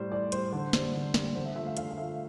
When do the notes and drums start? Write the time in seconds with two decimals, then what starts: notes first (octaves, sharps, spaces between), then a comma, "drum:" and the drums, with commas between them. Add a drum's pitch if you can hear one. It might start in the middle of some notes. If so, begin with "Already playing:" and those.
Already playing: A2 G3 C5
0.12 A2 D5
0.32 G3 C5, drum: hi-hat
0.52 D3 C5
0.73 G3 C5, drum: snare
0.94 D3
1.14 G3, drum: snare
1.35 D3 C5
1.45 E5
1.56 F3 A3 E5
1.66 F5
1.77 D3 F5, drum: hi-hat
1.91 F5
1.98 F3 A3 E5